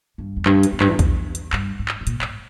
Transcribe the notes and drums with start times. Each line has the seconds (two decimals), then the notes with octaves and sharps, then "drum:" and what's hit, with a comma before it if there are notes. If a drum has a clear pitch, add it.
0.18 G2
0.37 E2
0.46 G2, drum: clap
0.63 drum: hi-hat
0.72 E2
0.80 G2, drum: clap
0.88 E2
0.99 E2, drum: kick A#1, hi-hat
1.35 drum: hi-hat
1.53 G2, drum: clap
1.79 G#2
1.88 drum: clap
2.01 G#2
2.07 A#2, drum: hi-hat
2.22 G#2, drum: clap